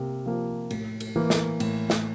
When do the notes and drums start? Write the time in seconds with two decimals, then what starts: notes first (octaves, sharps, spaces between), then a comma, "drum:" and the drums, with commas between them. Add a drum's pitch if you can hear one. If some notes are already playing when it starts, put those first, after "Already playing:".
Already playing: C3 A#3
0.26 F3 A#3
0.70 A2, drum: cymbal
1.00 drum: cymbal
1.16 E3 A#3
1.30 drum: snare
1.60 A2, drum: cymbal
1.90 drum: snare